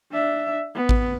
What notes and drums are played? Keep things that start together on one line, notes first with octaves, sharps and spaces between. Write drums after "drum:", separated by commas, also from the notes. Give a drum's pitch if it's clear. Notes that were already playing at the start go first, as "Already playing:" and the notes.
D4 E5
B3
drum: kick A1